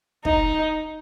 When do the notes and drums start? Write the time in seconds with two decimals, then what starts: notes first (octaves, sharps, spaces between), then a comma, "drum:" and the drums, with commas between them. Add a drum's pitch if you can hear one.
0.25 D#4, drum: kick